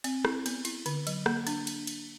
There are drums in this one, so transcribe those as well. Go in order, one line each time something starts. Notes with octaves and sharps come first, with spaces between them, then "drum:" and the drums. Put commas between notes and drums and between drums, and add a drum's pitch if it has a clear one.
C4, drum: cymbal
E4, drum: rim click
B3, drum: cymbal
E4, drum: cymbal
D3, drum: cymbal
F#3, drum: cymbal
A#3, drum: rim click
D4, drum: cymbal
drum: cymbal
drum: cymbal